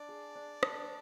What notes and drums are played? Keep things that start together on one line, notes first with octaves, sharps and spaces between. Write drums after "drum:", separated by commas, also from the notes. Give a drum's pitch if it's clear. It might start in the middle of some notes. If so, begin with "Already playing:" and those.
Already playing: D4 D5
G#4
D4
D4, drum: rim click